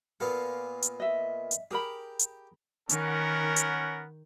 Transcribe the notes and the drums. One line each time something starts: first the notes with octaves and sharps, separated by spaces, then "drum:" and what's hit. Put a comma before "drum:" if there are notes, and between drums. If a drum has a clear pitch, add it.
A#2 B3 A4 F5
drum: hi-hat
D#5 E5
drum: hi-hat
G4 G#4 A#4 B5
drum: hi-hat
D#3 B3 C#4 A#4 F#5, drum: hi-hat
drum: hi-hat